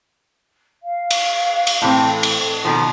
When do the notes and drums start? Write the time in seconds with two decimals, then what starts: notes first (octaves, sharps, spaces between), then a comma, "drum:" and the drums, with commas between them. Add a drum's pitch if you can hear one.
0.82 F5
1.11 drum: cymbal
1.67 drum: cymbal
1.82 A2 E3 C4 G5
2.01 A4
2.23 drum: cymbal
2.65 B2 D#3 F3